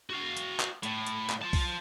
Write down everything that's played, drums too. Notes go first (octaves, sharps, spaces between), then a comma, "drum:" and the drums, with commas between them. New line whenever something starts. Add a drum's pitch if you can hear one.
F#4 F5
drum: hi-hat
drum: clap
A2, drum: hi-hat
drum: hi-hat
drum: clap
F4 A5
drum: kick B1, open hi-hat